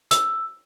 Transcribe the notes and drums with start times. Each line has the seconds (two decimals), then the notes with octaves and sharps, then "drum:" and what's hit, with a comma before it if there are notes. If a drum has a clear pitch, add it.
0.11 E6, drum: hi-hat